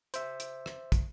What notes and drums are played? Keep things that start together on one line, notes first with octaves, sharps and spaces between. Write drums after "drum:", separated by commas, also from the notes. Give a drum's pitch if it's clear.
C5 E5, drum: hi-hat
drum: hi-hat
drum: rim click
drum: kick, hi-hat